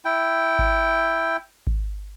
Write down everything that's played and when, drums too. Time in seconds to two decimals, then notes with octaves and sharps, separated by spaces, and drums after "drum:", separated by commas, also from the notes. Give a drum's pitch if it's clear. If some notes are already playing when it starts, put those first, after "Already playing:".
0.05 E4 G5
0.59 drum: kick G#1
1.67 drum: kick G#1